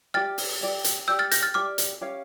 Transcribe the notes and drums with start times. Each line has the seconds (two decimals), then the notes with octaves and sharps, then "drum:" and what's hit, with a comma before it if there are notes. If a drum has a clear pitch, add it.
0.14 G4 D5 G5 F6 A6
0.38 drum: open hi-hat
0.61 G4 D5 G5
0.84 drum: hi-hat
1.08 G4 D5 G5 E6 G6
1.19 F6 A6
1.32 G6 A#6, drum: hi-hat
1.43 F6 A6
1.54 G4 D5 G5 D6 F6
1.78 drum: hi-hat
2.01 C#4 G4 C#5 F5